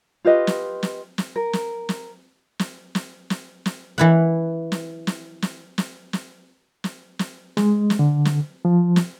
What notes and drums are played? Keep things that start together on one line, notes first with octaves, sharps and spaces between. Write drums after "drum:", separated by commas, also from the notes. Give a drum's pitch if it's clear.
F4 G4 B4 D#5
drum: snare
drum: snare
drum: snare
A#4
drum: snare
drum: snare
drum: snare
drum: snare
drum: snare
drum: snare
E3 E4 F#5
drum: snare
drum: snare
drum: snare
drum: snare
drum: snare
drum: snare
drum: snare
G#3, drum: snare
drum: snare
D3
drum: snare
F3
drum: snare